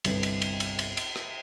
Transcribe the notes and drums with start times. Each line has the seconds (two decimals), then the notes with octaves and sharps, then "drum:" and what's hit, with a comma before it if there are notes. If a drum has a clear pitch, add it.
0.04 G1 C2 B4, drum: cymbal
0.23 drum: cymbal
0.42 drum: cymbal
0.60 drum: cymbal
0.79 drum: cymbal
0.97 drum: cymbal
1.16 drum: rim click